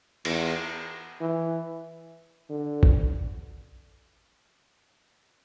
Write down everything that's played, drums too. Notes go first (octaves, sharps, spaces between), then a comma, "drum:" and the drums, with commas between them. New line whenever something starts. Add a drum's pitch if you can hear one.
E2, drum: cymbal
E3
D3
drum: kick A#1